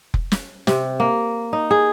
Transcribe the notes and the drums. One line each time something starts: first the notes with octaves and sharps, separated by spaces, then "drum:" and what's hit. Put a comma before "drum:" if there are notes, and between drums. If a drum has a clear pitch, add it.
drum: kick F1
drum: snare
C3, drum: snare
A#3
D#4
G#4